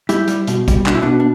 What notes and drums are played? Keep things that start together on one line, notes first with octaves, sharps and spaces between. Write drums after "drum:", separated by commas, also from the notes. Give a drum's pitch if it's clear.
G3 E4 G4, drum: hi-hat
G3, drum: hi-hat
B2, drum: hi-hat
G3, drum: kick, hi-hat
B2 D4, drum: clap
E4
B2 B3 D4
D4